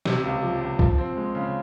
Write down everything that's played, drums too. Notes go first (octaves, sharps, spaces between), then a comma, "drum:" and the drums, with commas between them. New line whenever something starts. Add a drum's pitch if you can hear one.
C3, drum: snare
C#2
F3
C#2
F3, drum: kick B1
C4
G#3
C#3